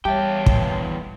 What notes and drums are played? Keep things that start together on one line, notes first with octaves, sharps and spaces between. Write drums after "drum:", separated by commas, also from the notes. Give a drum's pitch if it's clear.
E2 G3 G4 C#5 E5 G5 A5
drum: kick